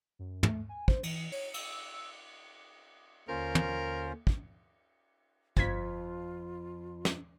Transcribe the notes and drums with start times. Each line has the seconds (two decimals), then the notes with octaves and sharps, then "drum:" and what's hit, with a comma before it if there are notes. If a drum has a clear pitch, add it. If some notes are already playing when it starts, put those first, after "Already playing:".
0.19 F#2
0.43 A3, drum: tom
0.69 G#5
0.88 C5, drum: kick
1.03 E3, drum: cymbal
1.32 C#5, drum: open hi-hat
1.54 E6, drum: cymbal
3.28 D#2 D3 C#4 F4 A#4 C5
3.55 drum: tom
4.27 drum: kick
5.57 G1 F2 F4 G#6 B6, drum: kick
7.05 drum: snare